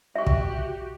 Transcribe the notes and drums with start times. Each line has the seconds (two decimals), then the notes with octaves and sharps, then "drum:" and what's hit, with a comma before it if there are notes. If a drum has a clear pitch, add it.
0.16 F#4 G4 E5 C#6
0.27 drum: kick